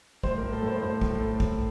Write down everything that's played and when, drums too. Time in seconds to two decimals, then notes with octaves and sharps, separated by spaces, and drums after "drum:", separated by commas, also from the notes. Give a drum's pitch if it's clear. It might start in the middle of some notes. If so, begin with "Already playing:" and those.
0.23 A2 C5, drum: kick
0.38 A2 A#4
0.52 A4
0.62 A2 C5
0.82 A2 C5
1.01 A2, drum: kick
1.11 A4
1.21 A2
1.40 A2, drum: kick